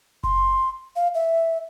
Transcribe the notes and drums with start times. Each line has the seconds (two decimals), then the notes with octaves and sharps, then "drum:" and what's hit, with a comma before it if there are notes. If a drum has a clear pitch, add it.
0.23 C6, drum: kick F#1
0.96 F5
1.15 E5